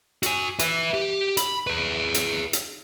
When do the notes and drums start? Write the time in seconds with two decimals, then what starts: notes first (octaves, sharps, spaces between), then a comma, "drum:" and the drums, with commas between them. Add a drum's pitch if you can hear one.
0.23 F#4 G#5, drum: hi-hat
0.59 B4 E5, drum: hi-hat
0.94 G4
1.37 B5, drum: hi-hat
1.67 G#4 B4
2.14 drum: hi-hat
2.53 drum: hi-hat